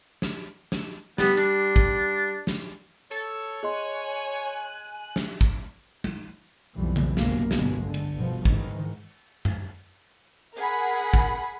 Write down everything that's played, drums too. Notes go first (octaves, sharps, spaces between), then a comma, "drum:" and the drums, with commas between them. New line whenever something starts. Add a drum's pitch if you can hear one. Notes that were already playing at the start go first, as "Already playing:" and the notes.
drum: snare
drum: snare
G3 B3, drum: snare
D4, drum: hi-hat
drum: kick
drum: snare
A4 C#5
G#4 D#5 G#5 C6 F#6
drum: snare
drum: kick
drum: tom G3
B1 F2 E3 G3
drum: tom C#3
F#1 C2 F#2 B2 G#3 A#3, drum: snare
G1 B2 G#3, drum: snare
D3
drum: cymbal
G1 B2 F3
G#2 D#3 E3 G#3, drum: kick
drum: tom
G#4 A#4 F#5 G#5 B5
drum: kick